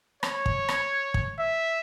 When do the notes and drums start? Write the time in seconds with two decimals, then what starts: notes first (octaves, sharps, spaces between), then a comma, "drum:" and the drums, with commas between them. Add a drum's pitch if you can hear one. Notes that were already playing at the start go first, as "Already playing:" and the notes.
0.23 C#5, drum: rim click
0.46 drum: kick
0.69 drum: rim click
1.14 drum: kick
1.39 E5